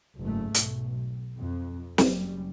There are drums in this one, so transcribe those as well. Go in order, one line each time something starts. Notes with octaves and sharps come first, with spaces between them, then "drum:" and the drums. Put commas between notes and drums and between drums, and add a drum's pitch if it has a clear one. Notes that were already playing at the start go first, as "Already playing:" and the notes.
F#1 G#2 A3
B1, drum: hi-hat
F2
F#1 F#2 G3, drum: snare